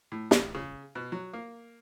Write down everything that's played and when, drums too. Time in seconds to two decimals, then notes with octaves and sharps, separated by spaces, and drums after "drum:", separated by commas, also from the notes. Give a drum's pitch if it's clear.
0.12 A2
0.31 A1, drum: snare
0.55 C#3
0.95 B2
1.12 F#3
1.33 A#3